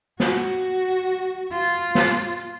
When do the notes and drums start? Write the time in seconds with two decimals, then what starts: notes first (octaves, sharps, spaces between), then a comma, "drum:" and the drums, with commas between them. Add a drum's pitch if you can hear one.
0.20 F#4, drum: snare
1.52 F4
1.95 drum: snare